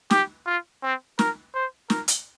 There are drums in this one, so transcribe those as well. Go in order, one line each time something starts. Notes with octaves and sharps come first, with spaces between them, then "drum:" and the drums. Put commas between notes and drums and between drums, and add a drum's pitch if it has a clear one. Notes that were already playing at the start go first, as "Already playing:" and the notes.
G4, drum: snare
F4
C4
A#4, drum: snare
C5
A#4, drum: snare
drum: hi-hat